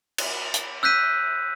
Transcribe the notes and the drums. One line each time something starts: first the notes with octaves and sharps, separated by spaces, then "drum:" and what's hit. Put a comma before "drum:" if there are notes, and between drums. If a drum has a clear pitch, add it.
drum: cymbal
drum: hi-hat
E6 F#6 G6 B6 D#7